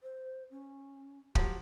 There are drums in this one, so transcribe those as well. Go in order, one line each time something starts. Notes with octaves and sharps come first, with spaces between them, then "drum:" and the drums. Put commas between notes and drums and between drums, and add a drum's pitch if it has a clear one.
C5
C#4
F3 F#3 G4, drum: kick